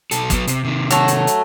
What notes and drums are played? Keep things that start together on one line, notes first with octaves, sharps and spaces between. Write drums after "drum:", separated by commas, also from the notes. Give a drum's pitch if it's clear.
B1 A4, drum: hi-hat
F#3 B3, drum: kick, hi-hat
C3, drum: hi-hat
C3 D#3
F#3 A3, drum: hi-hat
drum: hi-hat
drum: hi-hat